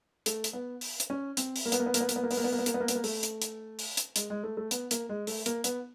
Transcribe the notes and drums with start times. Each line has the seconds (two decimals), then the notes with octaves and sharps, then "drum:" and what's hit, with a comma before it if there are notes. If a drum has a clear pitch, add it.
0.26 A3, drum: hi-hat
0.44 drum: hi-hat
0.53 B3
0.81 drum: open hi-hat
1.00 drum: hi-hat
1.10 C#4
1.37 C4, drum: hi-hat
1.56 drum: open hi-hat
1.66 A#3
1.72 B3, drum: hi-hat
1.80 A#3
1.86 B3
1.94 A#3, drum: hi-hat
2.01 B3
2.09 A#3, drum: hi-hat
2.16 B3
2.23 A#3
2.31 B3, drum: open hi-hat
2.37 A#3
2.44 B3
2.52 A#3
2.59 B3
2.66 A#3, drum: hi-hat
2.74 B3
2.80 A#3
2.88 B3, drum: hi-hat
2.95 A#3
3.04 A3, drum: open hi-hat
3.23 drum: hi-hat
3.42 drum: hi-hat
3.79 drum: open hi-hat
3.97 drum: hi-hat
4.16 G#3, drum: hi-hat
4.30 G#3
4.44 A3
4.57 A3
4.71 B3, drum: hi-hat
4.91 A#3, drum: hi-hat
5.09 G#3
5.27 A3, drum: open hi-hat
5.46 A#3, drum: hi-hat
5.64 B3, drum: hi-hat